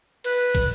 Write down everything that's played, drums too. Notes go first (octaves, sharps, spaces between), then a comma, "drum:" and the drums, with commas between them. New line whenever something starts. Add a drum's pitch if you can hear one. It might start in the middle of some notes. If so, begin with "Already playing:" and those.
B4, drum: cymbal
drum: kick, cymbal